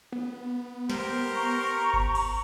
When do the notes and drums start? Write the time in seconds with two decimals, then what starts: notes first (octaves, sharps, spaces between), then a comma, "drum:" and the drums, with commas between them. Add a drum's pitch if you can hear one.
0.12 B3
0.90 G4 A#4 C5, drum: snare
1.33 A#5 C#6
1.94 drum: kick G1
2.15 drum: cymbal